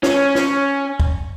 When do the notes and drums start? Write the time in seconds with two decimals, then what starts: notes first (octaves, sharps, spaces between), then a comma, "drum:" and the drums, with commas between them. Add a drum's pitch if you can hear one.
0.03 C#4, drum: snare
0.35 drum: snare
1.00 drum: kick